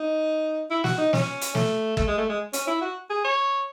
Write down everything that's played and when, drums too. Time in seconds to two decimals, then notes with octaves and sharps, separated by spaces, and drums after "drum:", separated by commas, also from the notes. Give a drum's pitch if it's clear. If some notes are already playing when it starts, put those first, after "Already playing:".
Already playing: D#4
0.70 E4
0.84 F#4, drum: snare
0.98 D#4
1.13 C#4, drum: snare
1.41 drum: hi-hat
1.55 A3, drum: snare
1.97 A3, drum: kick
2.08 G#3
2.18 A3
2.29 G#3
2.53 C#4, drum: hi-hat
2.67 E4
2.81 F#4
3.10 G#4
3.24 C#5